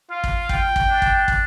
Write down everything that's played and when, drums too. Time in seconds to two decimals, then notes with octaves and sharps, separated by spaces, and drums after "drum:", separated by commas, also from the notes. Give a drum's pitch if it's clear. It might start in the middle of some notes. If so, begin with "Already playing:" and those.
0.10 F4 F5
0.24 drum: kick
0.49 G5, drum: kick
0.76 drum: kick
0.88 D4
1.02 drum: kick
1.28 drum: kick